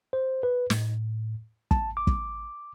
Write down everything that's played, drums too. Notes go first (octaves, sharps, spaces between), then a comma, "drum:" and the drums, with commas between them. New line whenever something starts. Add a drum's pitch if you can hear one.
C5
B4
A2, drum: snare
A5, drum: kick
D6
drum: kick